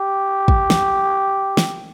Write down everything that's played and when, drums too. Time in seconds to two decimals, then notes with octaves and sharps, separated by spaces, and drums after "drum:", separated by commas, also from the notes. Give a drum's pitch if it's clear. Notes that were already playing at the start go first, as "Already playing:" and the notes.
Already playing: G4
0.48 drum: kick
0.70 drum: snare
1.57 drum: snare